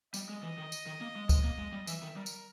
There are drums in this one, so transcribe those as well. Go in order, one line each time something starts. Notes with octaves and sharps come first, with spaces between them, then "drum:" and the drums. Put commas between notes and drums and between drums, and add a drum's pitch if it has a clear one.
G3 D#5, drum: tambourine
G#3
E3
D#3
drum: tambourine
D#3
A#3
G#3
G#3, drum: kick, tambourine
A#3
G#3
G3
E3 E5, drum: tambourine
D#3
G3 A#4
drum: tambourine